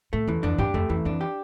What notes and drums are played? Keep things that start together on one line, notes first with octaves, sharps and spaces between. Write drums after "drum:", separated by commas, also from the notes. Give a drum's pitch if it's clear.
A2 A3
E2 E3
F2 D4
F#2 G4, drum: tom G2
F2 A3
F2 E3
F2 D4
G4